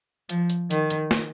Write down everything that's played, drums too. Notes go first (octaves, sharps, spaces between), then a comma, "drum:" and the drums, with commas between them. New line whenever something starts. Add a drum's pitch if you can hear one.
F3, drum: hi-hat
drum: hi-hat
D#3, drum: hi-hat
drum: hi-hat
drum: snare